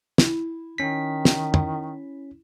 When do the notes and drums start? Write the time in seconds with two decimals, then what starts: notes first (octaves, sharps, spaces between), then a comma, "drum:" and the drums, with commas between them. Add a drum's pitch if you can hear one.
0.18 E4, drum: snare
0.78 D#3 C#4 B6
1.25 drum: snare
1.54 drum: tom